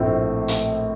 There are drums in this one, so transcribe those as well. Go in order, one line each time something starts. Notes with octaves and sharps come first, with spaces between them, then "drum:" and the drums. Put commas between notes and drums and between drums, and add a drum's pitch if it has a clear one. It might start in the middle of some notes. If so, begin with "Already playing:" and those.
Already playing: A#1 A2 A3 C4 F4
drum: hi-hat